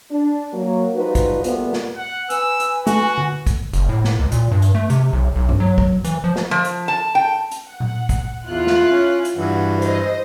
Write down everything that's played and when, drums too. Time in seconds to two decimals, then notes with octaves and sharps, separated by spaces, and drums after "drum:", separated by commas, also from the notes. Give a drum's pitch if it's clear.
0.10 D4
0.52 F#3 A#3
0.95 F3 G3 D#4 F4 F#4 B4
1.15 drum: kick, hi-hat
1.44 A#2 G3 A3 B3, drum: hi-hat
1.73 drum: snare
1.97 F#5
2.30 B4 G#5 E6, drum: hi-hat
2.60 drum: hi-hat
2.87 A3 F#4, drum: hi-hat
3.18 drum: tom D3
3.47 drum: kick, hi-hat
3.73 F#1, drum: hi-hat
3.89 A2
4.04 drum: snare
4.20 C#2
4.32 A#2, drum: hi-hat
4.52 G2
4.62 drum: hi-hat
4.75 A3
4.90 C3, drum: hi-hat
5.13 B1
5.36 B1
5.49 drum: tom G2
5.60 F#3
5.78 drum: kick
6.04 E3, drum: hi-hat
6.24 F3
6.36 drum: snare
6.51 F3
6.65 drum: hi-hat
6.88 A5
7.15 G5
7.51 drum: hi-hat
7.69 F#5
7.80 drum: tom A#2
8.09 drum: kick, hi-hat
8.47 E2 E4 F4 F#6
8.67 drum: snare
8.90 C#4
9.25 drum: hi-hat
9.36 G2 E3 F#4
9.82 C5 D#5, drum: hi-hat